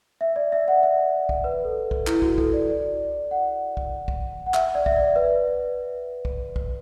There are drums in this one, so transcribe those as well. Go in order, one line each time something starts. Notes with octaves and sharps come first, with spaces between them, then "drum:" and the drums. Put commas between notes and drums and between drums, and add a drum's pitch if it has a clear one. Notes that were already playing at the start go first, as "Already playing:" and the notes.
E5
D5
E5
F#5
E5
drum: kick
B4
A4
drum: kick
E4, drum: clap
F#4, drum: kick
A4, drum: kick
D5
D5
F#5
drum: kick
drum: kick
F#5
E5, drum: clap
D5
E5, drum: kick
D5
B4
drum: kick
drum: kick